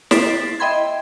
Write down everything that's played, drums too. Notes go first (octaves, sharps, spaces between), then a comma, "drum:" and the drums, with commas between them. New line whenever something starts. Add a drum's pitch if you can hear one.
A6 B6 C7 D7 E7, drum: snare
D#5 E5 G5 B5 C6 G#6